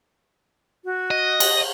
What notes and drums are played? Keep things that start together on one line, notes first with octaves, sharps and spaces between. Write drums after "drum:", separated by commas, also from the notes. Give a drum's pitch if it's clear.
F#4
D#5
drum: cymbal